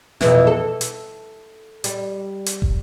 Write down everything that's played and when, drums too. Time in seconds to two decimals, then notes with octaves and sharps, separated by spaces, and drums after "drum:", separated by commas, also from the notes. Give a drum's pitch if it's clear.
0.21 F2 B2 E3, drum: snare
0.47 A4
0.81 drum: hi-hat
1.84 G3, drum: hi-hat
2.46 drum: hi-hat
2.62 drum: kick